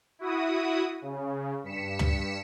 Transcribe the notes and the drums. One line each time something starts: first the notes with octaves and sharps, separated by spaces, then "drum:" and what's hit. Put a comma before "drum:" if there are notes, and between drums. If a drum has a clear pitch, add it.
E4 F#4 D#6
C#3
G2 B6 C#7 E7
drum: tom